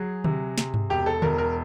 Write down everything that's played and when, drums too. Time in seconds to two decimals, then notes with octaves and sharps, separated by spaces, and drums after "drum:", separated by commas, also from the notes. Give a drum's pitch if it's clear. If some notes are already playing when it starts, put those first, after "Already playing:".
Already playing: F#3 G#4
0.24 C3, drum: tom D3
0.58 C3, drum: snare
0.74 drum: tom G2
0.90 E1 G4
1.06 A4
1.22 E1 A#4, drum: tom D3
1.38 A#4